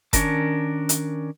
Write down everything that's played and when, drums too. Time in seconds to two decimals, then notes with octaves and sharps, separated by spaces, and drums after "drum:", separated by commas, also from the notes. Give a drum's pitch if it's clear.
0.13 D#3 C#4 D4 A#4 A5, drum: kick F#1, hi-hat
0.89 drum: hi-hat